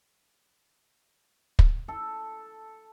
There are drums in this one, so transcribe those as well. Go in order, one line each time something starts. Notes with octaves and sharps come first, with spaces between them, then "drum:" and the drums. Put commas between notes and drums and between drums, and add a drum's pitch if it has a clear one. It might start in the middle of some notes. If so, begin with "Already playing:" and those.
drum: kick
A4